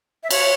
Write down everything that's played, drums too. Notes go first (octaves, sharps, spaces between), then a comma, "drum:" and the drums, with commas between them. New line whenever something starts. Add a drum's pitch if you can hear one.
E5
C#5, drum: cymbal